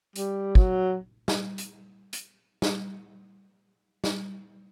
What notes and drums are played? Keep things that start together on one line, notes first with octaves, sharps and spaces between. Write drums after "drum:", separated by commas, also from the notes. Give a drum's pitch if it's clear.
G3, drum: hi-hat
F#3, drum: kick
drum: snare
drum: hi-hat
drum: hi-hat
drum: snare
drum: snare